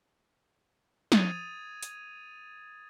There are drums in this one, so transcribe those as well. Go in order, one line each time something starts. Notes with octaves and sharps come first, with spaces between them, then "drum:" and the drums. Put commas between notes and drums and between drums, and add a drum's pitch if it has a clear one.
D#6 G#6 A6 D#7 F7, drum: snare
drum: hi-hat